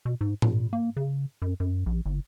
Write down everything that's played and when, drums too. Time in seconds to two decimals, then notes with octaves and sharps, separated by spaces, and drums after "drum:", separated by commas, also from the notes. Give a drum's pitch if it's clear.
0.05 B2
0.21 G#2
0.42 A#2, drum: tom G#2
0.73 A#3
0.97 C#3
1.42 F#2
1.60 F#2
1.86 A#1
2.05 G1